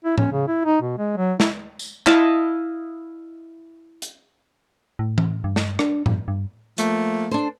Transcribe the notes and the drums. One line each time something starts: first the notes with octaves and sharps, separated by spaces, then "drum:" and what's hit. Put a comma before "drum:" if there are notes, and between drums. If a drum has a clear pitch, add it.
E4
C#4, drum: tom A2
C#3
E4
D#4
B2
G#3
F#3
E4, drum: snare
drum: tambourine
E4 D#5 F5 A5, drum: clap
drum: hi-hat
A2
drum: tom E3
G2
drum: snare
D4, drum: rim click
G2, drum: tom A2
G2
F3 A3 A#3, drum: hi-hat
D4 A4 C5